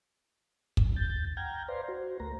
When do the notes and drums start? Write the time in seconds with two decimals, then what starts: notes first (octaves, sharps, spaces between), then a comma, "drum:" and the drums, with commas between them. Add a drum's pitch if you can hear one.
0.77 drum: kick
0.96 D2 G6 A6
1.37 F#5 G5 A#5 F6 G6 G#6
1.68 B4 C5 D5 F5 A#5 C6
1.88 F#4 C5
2.20 D2 A3 A#4 A#5